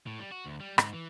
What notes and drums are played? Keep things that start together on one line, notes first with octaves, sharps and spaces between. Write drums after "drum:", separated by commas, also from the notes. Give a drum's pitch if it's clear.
A2
G3
F#4
D2
G3
G#2, drum: rim click
E3